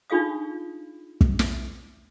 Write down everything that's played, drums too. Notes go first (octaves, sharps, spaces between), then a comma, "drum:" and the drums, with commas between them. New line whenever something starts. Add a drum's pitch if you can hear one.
D4 D#4 F4 G#4 F5 D#6
drum: kick
drum: snare